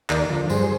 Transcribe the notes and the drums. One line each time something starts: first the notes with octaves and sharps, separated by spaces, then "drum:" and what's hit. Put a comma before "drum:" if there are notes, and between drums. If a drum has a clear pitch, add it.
D#2 A#4 D5, drum: clap
D3 F3
G2 G#4 C5, drum: tambourine